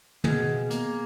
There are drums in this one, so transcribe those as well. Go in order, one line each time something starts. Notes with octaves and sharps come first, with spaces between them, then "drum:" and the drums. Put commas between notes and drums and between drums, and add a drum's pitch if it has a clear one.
B2 G#4, drum: tom
A#3, drum: hi-hat